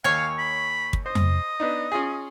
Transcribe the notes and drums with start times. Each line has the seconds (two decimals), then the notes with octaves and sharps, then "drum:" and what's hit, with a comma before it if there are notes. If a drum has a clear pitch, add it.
0.04 D#2 C#5 F5 G#5
0.38 B5
0.93 drum: kick
1.06 C5 D#5
1.15 drum: tom F2
1.60 B3 D4 D#4
1.92 C#4 F4 G#4